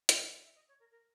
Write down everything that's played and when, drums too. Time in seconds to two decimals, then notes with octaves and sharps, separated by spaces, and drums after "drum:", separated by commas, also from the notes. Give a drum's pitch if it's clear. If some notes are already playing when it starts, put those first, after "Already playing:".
0.09 F#5, drum: hi-hat
0.32 E5
0.44 E5
0.55 D#5
0.68 C#5
0.80 A#4
0.91 A#4